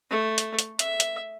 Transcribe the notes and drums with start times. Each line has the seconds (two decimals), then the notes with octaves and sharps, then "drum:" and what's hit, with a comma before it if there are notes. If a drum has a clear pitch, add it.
0.10 A3
0.38 drum: hi-hat
0.59 drum: hi-hat
0.79 E5, drum: hi-hat
1.00 drum: hi-hat